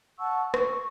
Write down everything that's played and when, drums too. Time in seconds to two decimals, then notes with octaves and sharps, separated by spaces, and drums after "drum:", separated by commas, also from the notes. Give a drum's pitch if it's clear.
0.20 F#5 A5 C#6 E6
0.54 C#6, drum: rim click